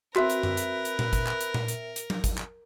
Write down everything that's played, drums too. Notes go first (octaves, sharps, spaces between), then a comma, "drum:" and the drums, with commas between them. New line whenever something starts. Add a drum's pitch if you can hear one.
C4 F#4 A#4 B4 E5 B6, drum: clap
drum: hi-hat
drum: tom F#2
drum: hi-hat
drum: hi-hat
drum: tom A#2
drum: kick, hi-hat
drum: clap
drum: hi-hat
drum: tom A#2
drum: hi-hat
drum: hi-hat
drum: tom F#3
drum: kick, hi-hat
drum: clap